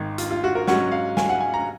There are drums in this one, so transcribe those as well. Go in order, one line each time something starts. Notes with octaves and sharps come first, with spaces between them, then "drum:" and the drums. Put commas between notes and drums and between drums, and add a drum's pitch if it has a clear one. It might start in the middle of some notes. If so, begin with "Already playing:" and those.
Already playing: G#1 G#2 D#3
F4, drum: hi-hat
F4
F#4
A#4
G#2 F#3 C#4 F#5, drum: snare
F5
G#5, drum: snare
F#5
G#5
A#5